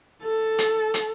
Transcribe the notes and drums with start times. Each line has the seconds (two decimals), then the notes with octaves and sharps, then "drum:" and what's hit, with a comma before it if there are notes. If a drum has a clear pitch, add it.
0.23 A4
0.58 drum: hi-hat
0.94 drum: hi-hat